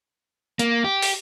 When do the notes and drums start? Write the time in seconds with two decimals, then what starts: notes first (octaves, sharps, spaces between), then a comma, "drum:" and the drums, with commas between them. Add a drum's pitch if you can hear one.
0.59 A#3, drum: hi-hat
0.84 G4
1.02 drum: open hi-hat